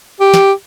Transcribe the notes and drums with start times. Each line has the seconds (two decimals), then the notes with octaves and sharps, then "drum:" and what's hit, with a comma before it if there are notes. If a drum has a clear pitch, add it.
0.20 G4
0.34 drum: snare